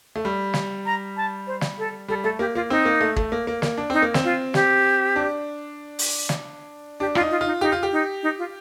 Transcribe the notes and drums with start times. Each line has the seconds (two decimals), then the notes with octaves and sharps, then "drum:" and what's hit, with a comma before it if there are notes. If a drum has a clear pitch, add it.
0.16 A3
0.25 G3
0.54 drum: snare
0.86 A#5
1.17 A5
1.47 C5
1.61 drum: snare
1.78 A4
2.08 G3 A4
2.24 A3 A4
2.39 A#3 G4
2.55 A#3 F4
2.70 C4 D#4
2.85 A#3
3.01 A3
3.16 A3, drum: kick
3.32 A#3
3.47 A#3
3.62 A#3, drum: snare
3.78 D4
3.90 C4 D#4
4.02 A#3
4.14 C4, drum: snare
4.24 F4
4.54 G4, drum: snare
5.16 D4
5.99 drum: open hi-hat
6.29 drum: snare
7.00 D4 G4
7.15 F4, drum: rim click
7.20 D#4
7.31 F4
7.41 F4
7.46 D#4
7.61 D#4 G4
7.72 F4
7.83 G4
7.92 D#4
8.23 D#4
8.38 F4